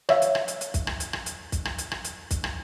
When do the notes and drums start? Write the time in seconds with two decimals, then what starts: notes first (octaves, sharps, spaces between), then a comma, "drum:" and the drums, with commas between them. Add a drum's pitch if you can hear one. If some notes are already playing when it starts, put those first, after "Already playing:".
0.09 C#5 E5 F5, drum: rim click
0.22 drum: hi-hat
0.35 drum: rim click
0.48 drum: hi-hat
0.61 drum: hi-hat
0.74 drum: kick, hi-hat
0.87 drum: rim click
1.00 drum: hi-hat
1.13 drum: rim click
1.26 drum: hi-hat
1.52 drum: kick, hi-hat
1.65 drum: rim click
1.78 drum: hi-hat
1.91 drum: rim click
2.05 drum: hi-hat
2.31 drum: kick, hi-hat
2.44 drum: rim click